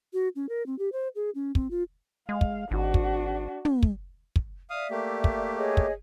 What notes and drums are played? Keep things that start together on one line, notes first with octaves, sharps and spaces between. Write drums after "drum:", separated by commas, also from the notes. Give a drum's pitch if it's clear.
F#4
C#4
A#4
C4
G4
C5
G#4
C#4
C4, drum: kick
F4
G#3 F5
drum: kick
G#1 D4 F#4
drum: kick
drum: tom
drum: kick
drum: kick
D5 E5 F5 D#6
A3 A#3 G4
drum: kick
G#4 C#5 D#5
drum: kick